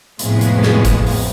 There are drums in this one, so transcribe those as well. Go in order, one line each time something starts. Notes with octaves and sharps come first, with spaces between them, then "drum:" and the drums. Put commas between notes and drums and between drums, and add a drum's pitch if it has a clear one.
C2 F2 A2 G#3 B3, drum: hi-hat
drum: hi-hat
drum: snare
drum: kick G#1, hi-hat
drum: open hi-hat